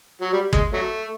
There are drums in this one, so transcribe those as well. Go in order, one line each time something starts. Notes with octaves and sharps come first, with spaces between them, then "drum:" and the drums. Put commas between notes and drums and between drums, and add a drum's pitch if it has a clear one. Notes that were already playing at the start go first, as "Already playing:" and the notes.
F#3
G3
G#3, drum: kick
F#3 A3